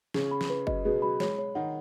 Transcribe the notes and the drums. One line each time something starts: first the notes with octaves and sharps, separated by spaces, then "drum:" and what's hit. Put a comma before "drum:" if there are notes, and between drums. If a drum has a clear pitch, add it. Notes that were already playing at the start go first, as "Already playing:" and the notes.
C#3 C#4 G#4, drum: snare
B5
drum: snare
B4
F#3 D#5, drum: kick F#1
B2 B3 G#4
F#3 B5
G#3 C#5, drum: snare
C#5
D#3 D#4 F#5